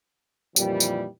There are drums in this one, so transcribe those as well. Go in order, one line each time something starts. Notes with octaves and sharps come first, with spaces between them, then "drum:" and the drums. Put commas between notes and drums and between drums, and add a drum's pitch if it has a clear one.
F2 A#2 D#3 E3 G3, drum: tambourine
drum: tambourine